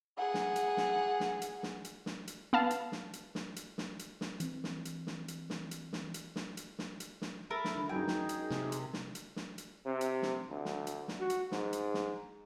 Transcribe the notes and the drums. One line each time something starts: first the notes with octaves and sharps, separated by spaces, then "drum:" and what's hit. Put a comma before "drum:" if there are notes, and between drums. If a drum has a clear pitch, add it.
G#4 F#5
drum: snare
drum: hi-hat
drum: snare
drum: snare
drum: hi-hat
drum: snare
drum: hi-hat
drum: snare
drum: hi-hat
B3 F5 A5
drum: hi-hat
drum: snare
drum: hi-hat
drum: snare
drum: hi-hat
drum: snare
drum: hi-hat
drum: snare
E3 C4, drum: hi-hat
drum: snare
drum: hi-hat
drum: snare
drum: hi-hat
drum: snare
drum: hi-hat
drum: snare
drum: hi-hat
drum: snare
drum: hi-hat
drum: snare
drum: hi-hat
drum: snare
A4 A#4 E5 B5
drum: snare
D3
F#2 F#3 D#4 G#4 A#4 G5 G#5
drum: snare
drum: hi-hat
C3, drum: snare
drum: hi-hat
drum: snare
drum: hi-hat
drum: snare
drum: hi-hat
C3
drum: hi-hat
drum: snare
D2
drum: snare
drum: hi-hat
drum: snare
F#4
drum: hi-hat
G#2, drum: snare
drum: hi-hat
drum: snare